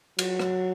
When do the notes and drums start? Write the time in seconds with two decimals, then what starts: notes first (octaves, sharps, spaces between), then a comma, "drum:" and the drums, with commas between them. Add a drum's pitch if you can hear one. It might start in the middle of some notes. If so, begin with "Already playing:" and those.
0.19 F#3, drum: cymbal
0.39 drum: rim click